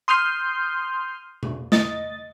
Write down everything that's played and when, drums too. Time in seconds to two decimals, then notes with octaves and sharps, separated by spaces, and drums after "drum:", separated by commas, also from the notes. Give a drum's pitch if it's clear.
0.08 C6 D#6 F6 G6 C7
1.43 drum: tom B2
1.72 D#5 A6, drum: snare